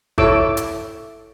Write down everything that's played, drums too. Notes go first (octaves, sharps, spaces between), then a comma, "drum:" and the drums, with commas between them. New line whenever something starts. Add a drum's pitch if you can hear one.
E4 A4 C#5 D6 E6, drum: kick G#1
drum: hi-hat